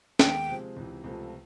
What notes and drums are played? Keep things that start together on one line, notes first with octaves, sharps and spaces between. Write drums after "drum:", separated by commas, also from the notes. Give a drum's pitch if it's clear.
D#2 D#3 G#3 B3 G5, drum: snare
C3 F3 G#3 C4
C#2 C3 E3
C#2 C3 F3 A3